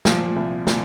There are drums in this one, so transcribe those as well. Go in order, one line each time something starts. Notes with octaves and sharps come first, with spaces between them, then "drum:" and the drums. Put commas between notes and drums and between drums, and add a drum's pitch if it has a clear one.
A#2 F3, drum: snare
C2
A#2, drum: snare